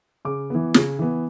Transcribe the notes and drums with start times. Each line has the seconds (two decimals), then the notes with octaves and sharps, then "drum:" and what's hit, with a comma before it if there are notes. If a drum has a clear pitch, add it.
0.25 C#3 D6
0.50 E3 B3
0.74 C#3, drum: snare
0.99 E3 B3